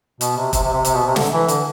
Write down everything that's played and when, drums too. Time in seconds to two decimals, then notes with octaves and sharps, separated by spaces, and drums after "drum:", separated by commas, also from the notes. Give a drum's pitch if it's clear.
0.21 B2, drum: hi-hat
0.37 C3
0.53 C3, drum: kick, hi-hat
0.63 C3
0.73 C3
0.85 C3, drum: hi-hat
0.95 B2
1.06 C3
1.16 D3, drum: snare
1.33 E3
1.48 D3, drum: hi-hat